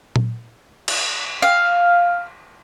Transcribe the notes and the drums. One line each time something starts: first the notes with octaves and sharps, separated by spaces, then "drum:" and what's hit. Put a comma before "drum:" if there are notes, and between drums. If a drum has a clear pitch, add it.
drum: tom A#2
drum: cymbal
F5